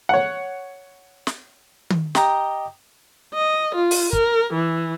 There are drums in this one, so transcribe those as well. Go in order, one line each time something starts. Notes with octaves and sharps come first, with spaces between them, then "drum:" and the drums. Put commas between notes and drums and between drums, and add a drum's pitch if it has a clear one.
C#5 F#5
drum: snare
drum: tom D#3
G4 D#5 A#5, drum: snare
D#5
F4
drum: open hi-hat
A#4, drum: kick
E3